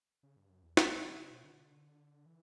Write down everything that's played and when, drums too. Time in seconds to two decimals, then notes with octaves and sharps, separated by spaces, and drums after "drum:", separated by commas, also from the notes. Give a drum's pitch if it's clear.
0.23 C#3
0.37 G2
0.50 F#2
0.63 E2
0.77 F#2, drum: snare
0.90 G2
1.04 D3
1.17 C#3
1.31 B2
1.44 D3
2.26 E3